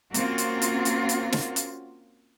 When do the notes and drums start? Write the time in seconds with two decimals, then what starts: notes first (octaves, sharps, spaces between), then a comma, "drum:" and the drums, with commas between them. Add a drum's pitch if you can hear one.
0.14 A#3 C4 C#4 F4 F#4, drum: hi-hat
0.38 drum: hi-hat
0.62 drum: hi-hat
0.85 drum: hi-hat
1.09 drum: hi-hat
1.32 drum: snare
1.56 drum: hi-hat